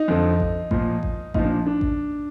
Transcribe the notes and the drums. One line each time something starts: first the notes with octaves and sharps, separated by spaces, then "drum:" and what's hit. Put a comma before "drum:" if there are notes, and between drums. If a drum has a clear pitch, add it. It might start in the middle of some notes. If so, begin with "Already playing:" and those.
Already playing: D#4
F2 D3 F3
drum: kick A1
A#2 F3, drum: kick A1
drum: kick A1
A#2 F3 D#4, drum: kick A1
D4
D4
drum: kick A1